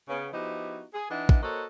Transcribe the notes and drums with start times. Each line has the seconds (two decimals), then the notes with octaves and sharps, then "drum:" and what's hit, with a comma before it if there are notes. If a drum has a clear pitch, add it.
0.09 C#3 B3
0.33 F3 B3 D#4 E4 F#4 G4
0.94 G#4
1.10 E3 D4 D#4 D#5 E5 F#5
1.29 drum: kick
1.42 A#3 F#4 A4 C5 C#5 D#5